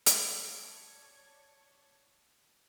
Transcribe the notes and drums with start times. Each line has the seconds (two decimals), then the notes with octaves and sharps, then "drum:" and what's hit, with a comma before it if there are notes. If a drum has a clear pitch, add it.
0.06 drum: hi-hat
0.22 C#5 D5 A5 C#6 G#6 C#7